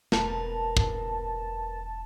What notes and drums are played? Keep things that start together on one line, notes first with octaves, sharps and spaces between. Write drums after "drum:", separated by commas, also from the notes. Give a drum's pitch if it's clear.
E1 A#4 B4 A5, drum: snare
drum: kick